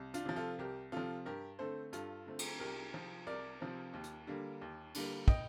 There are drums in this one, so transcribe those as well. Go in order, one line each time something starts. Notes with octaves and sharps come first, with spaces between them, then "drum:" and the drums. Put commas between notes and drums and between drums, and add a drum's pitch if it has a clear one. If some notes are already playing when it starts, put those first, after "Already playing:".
Already playing: C2
D4 F4, drum: hi-hat
C3 F3
F4 A4
C2 G4 A#4
C3 F3 F4 A4
G2 G4 A#4
D3 A3 C4 A4 C5
G2 F4 A4, drum: hi-hat
D3 A3 C4
drum: cymbal
C2 G4 A#4
C3 F3 C4
C2 A#4 D5
C3 F3 C4
D#2
drum: hi-hat
D3 G3 A#3
D#2
D3 G3 A#3, drum: cymbal
D#5 G5, drum: kick